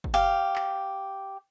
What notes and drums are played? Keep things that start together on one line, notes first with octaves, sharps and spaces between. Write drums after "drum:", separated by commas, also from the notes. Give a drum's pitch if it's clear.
drum: kick
G4 F5
drum: clap